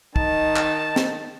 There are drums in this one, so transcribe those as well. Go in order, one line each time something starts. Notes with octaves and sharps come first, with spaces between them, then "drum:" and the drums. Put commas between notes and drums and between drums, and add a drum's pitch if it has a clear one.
D#3 D#4 A5, drum: kick
drum: clap
drum: snare